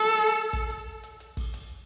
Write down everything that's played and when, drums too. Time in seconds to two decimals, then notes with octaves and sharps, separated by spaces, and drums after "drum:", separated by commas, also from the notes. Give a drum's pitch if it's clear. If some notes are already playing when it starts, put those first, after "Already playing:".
Already playing: A4
0.20 drum: hi-hat
0.36 drum: hi-hat
0.53 drum: kick, hi-hat
0.70 drum: hi-hat
1.03 drum: hi-hat
1.20 drum: hi-hat
1.37 drum: kick, open hi-hat
1.54 drum: hi-hat